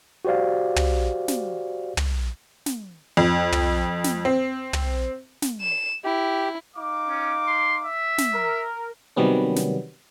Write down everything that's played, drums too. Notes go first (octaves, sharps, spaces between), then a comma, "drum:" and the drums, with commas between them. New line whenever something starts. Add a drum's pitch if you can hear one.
F#4 G4 C5 D5 F5
drum: tom
drum: snare
drum: tom
drum: snare
F2
drum: tom
drum: snare
C4
drum: tom
drum: snare
E7
E4 G4
D#4 F5 D6
C#4
C6
E5
drum: snare
A#4
C3 D#3 F#3 G3 B3 C#4
drum: snare